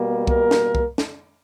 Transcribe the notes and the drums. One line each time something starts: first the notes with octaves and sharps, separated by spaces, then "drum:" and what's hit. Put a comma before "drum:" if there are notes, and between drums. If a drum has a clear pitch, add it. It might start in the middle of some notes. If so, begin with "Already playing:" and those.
Already playing: B2 G3 A#3
A#4, drum: kick
drum: snare
drum: kick
drum: snare